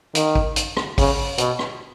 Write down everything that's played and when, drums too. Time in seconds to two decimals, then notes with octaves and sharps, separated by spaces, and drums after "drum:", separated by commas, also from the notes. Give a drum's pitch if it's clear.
0.15 D#3, drum: hi-hat
0.35 drum: kick A1
0.56 drum: hi-hat
0.77 drum: rim click
0.98 C#3, drum: kick A1, open hi-hat
1.38 B2, drum: hi-hat
1.59 drum: rim click